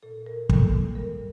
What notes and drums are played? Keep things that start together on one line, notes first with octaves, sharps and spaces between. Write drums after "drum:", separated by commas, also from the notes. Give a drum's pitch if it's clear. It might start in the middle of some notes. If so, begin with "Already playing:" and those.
A#2 A4
A#4
G3 A#3 A4, drum: kick
G2 A#4